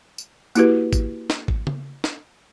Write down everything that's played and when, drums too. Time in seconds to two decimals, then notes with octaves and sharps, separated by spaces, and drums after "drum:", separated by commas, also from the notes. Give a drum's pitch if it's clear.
0.18 drum: tambourine
0.55 A#3 E4 F#4 G4 B4, drum: tambourine
0.93 drum: kick G#1, tambourine
1.30 drum: snare
1.48 drum: kick G#1
1.67 drum: tom C#3
2.04 drum: snare